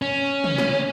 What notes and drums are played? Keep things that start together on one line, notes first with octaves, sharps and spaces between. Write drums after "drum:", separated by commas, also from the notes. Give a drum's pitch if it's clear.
C#4
drum: tom
drum: snare